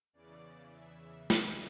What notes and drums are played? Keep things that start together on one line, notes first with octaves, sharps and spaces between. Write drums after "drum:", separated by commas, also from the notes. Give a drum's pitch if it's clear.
E2 C#3 E3 D5
E5
E5, drum: snare